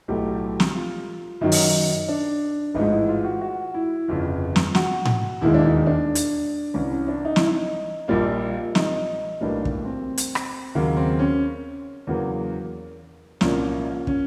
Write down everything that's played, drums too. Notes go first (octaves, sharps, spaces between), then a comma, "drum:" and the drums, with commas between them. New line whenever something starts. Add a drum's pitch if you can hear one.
B1 A2 F#3 A3 G4
drum: snare
F4
F#2 D#3 F#3 D#4
drum: open hi-hat
D4
A1 G#2 F3 G#3 D#4
E4
F4
F#4
F#4
E4
G1 F2 C#3 F4
drum: snare
F#4, drum: snare
drum: tom A2
E1 D#2 D#3 G#3 E4
D4
D#4
D4
drum: hi-hat
C2 C3 E3 C#4
C#4
D4
D#4
E4, drum: snare
D#4
A#1 A#2 G3 A#3
D#4, drum: snare
B1 A2 E3 G3 A#3 D4
drum: kick
C4
drum: hi-hat
drum: rim click
D#2 C#3 F#3 A#3
C4
C#4
E2 C#3 F#3 A#3
C2 A#2 F3 A#3 C#4, drum: snare
C#4, drum: kick